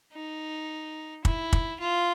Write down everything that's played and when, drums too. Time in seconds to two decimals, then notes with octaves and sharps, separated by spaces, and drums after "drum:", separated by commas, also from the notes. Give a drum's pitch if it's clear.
0.13 D#4
1.25 E4, drum: kick
1.53 drum: kick
1.80 F4